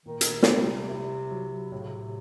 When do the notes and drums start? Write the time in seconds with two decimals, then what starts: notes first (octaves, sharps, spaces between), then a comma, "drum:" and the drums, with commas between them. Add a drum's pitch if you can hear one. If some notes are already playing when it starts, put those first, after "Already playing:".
0.05 A#2 D#3
0.21 drum: hi-hat
0.43 C#3, drum: snare
0.47 C3 G3
0.90 E4
1.31 F#3
1.72 A2 C3
1.80 C#3
1.89 C3